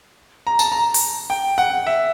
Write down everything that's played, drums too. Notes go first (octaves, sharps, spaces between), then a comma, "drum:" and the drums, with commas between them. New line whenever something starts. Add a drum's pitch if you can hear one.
A#5
A5, drum: tambourine
A#5
drum: open hi-hat
G5
F#5
E5